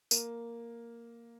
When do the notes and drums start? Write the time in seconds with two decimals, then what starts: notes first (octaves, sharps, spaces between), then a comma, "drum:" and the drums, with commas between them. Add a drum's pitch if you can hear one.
0.11 A#3, drum: tambourine